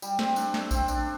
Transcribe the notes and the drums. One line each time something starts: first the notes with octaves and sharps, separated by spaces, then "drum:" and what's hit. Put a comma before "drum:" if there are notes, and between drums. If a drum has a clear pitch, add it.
G3, drum: tambourine
C4, drum: snare
D4, drum: tambourine
A3, drum: snare
C4, drum: kick A#1, tambourine
D4, drum: tambourine